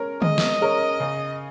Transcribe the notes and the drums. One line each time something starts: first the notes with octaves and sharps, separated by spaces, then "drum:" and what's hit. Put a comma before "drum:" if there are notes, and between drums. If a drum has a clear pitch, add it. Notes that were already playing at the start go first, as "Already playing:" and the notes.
Already playing: G#3 C#4 A#4 C#5
G#3 D#5, drum: tom D3
drum: snare
C#4 A#4 C#5
C#3